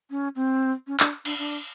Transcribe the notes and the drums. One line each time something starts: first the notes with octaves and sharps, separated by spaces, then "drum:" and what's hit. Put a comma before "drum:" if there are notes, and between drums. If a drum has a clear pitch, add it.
C#4
C4
C#4
D4, drum: clap
D4, drum: cymbal
D4